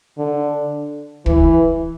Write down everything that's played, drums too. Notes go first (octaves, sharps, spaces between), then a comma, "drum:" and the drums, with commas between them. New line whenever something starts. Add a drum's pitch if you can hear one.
D3
E3, drum: kick